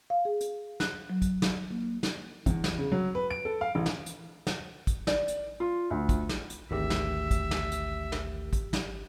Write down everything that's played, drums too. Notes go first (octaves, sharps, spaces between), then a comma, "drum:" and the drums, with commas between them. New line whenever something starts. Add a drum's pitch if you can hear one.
F5
G#4
drum: hi-hat
F#6, drum: snare
F#3
drum: kick, hi-hat
drum: snare
A#3
drum: snare
E2, drum: kick, hi-hat
drum: snare
C#3
F#3
B4
D7
A4
F5
A1
drum: snare
drum: hi-hat
drum: snare
drum: kick, hi-hat
D5, drum: snare
drum: hi-hat
F4
D2
drum: kick, hi-hat
drum: snare
drum: hi-hat
G#1 D2 G4 E5
drum: snare
drum: kick, hi-hat
drum: snare
drum: hi-hat
drum: snare
drum: kick, hi-hat
drum: snare